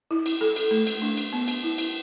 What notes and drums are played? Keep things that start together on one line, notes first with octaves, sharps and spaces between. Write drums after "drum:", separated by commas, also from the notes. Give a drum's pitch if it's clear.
E4
drum: cymbal
A4
drum: cymbal
A3
drum: cymbal
D4
drum: cymbal
B3
drum: cymbal
E4
drum: cymbal